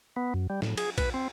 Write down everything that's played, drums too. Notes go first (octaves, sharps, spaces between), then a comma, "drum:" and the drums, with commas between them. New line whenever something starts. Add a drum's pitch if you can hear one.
B3
F#2
G3
A2, drum: snare
G#4, drum: cymbal
B4, drum: kick, cymbal
C4